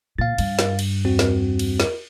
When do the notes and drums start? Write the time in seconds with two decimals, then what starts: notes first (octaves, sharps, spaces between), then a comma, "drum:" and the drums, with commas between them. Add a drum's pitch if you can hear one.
0.18 A#2 F5 A6
0.38 G2, drum: cymbal
0.59 drum: snare
0.79 drum: cymbal
1.05 E2 C4 F#4
1.19 drum: snare
1.59 drum: cymbal
1.80 drum: snare